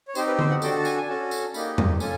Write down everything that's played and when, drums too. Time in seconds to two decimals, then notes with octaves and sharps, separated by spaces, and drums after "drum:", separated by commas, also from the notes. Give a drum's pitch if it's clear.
0.08 C#5
0.15 C4 D#4 G4 C5, drum: tambourine
0.28 B4
0.39 C5, drum: tom D3
0.50 F#5
0.62 D4 F#4 A4 G5, drum: tambourine
0.79 A5
0.85 G#5, drum: tambourine
0.97 G#5
1.08 C#4 F#4 A4 A5
1.31 drum: tambourine
1.54 A#3 D#4 G4 B5, drum: tambourine
1.78 A#5, drum: tom E2
2.00 C#4 F4 A4 G#5, drum: tambourine